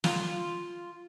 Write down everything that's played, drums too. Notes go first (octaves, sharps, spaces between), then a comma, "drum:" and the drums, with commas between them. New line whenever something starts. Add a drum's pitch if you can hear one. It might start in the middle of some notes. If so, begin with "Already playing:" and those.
F4, drum: snare